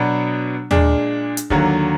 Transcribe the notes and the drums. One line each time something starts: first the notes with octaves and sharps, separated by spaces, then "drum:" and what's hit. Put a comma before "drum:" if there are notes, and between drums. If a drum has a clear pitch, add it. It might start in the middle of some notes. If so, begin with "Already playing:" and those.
Already playing: B2 F#3 B3 D4
A#2 G#3 D4, drum: tom D#2
drum: hi-hat
D#2 D3 F#3 A#3, drum: kick